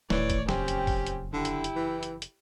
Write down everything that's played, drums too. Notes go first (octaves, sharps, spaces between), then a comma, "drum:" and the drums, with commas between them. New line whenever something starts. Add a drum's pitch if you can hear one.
D#1 A2 D#3 E3 A3 C#5 D5, drum: snare
drum: kick F#1, hi-hat
F#1 F2 C4 C#4 G4, drum: snare
drum: hi-hat
drum: kick F#1, open hi-hat
drum: hi-hat
D3 E4 G4
drum: hi-hat
drum: hi-hat
E3
drum: hi-hat
drum: hi-hat